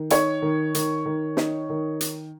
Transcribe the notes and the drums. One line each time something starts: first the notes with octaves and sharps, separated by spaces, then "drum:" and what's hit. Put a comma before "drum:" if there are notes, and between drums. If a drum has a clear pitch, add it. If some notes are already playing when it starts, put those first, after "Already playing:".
Already playing: D#3
D#4 C#5, drum: hi-hat
D#3
D#3, drum: hi-hat
D#3
D#4, drum: snare
D#3
drum: hi-hat